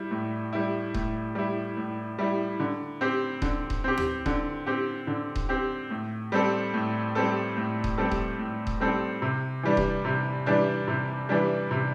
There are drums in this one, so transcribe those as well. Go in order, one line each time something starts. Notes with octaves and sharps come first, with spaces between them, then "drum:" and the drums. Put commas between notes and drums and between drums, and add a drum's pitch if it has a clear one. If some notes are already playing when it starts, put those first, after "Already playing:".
Already playing: G3 E4
A2
G3 E4
A2, drum: kick D#1
G3 E4
A2
G3 E4
D3
C4 G4
D3, drum: kick D#1
drum: kick D#1
C4 G4
drum: tom D2
D3, drum: kick D#1
C4 G4
D3
drum: kick D#1
C4 G4
A2
G3 C4 A4
A2
G3 C4 A4
A2
drum: kick D#1
G3 C4 A4
drum: kick D#1
A2
drum: kick D#1
G3 C4 A4
C3
E3 G3 D4
drum: kick D#1
C3
E3 G3 D4
C3
E3 G3 D4
C3